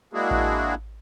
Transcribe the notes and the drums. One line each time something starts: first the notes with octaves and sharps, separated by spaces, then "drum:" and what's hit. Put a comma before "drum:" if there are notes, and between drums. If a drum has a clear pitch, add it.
G#3 A#3 D4 E4 F#4 G#4
drum: kick A1